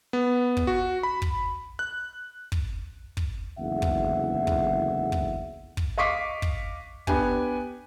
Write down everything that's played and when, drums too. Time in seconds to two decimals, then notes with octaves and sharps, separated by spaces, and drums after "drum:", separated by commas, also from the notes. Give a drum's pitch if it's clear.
0.13 B3
0.57 drum: kick
0.67 F#4
1.03 B5
1.22 drum: kick
1.79 F#6
2.52 drum: kick
3.17 drum: kick
3.58 F#1 E2 G#2 D3 E5 F#5
3.82 drum: kick
4.47 drum: kick
5.12 drum: kick
5.77 drum: kick
5.98 D#5 F5 C#6 D6 B6 C7
6.42 drum: kick
7.07 B3 D4 G4 G#5, drum: kick